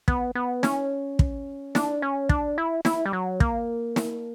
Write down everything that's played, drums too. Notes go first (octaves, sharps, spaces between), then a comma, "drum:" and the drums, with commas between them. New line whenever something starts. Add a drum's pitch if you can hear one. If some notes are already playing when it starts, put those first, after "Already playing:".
B3, drum: kick
B3
C#4, drum: snare
drum: kick
D4, drum: snare
C#4
D4, drum: kick
E4
E4, drum: snare
G3
F#3
A#3, drum: kick
drum: snare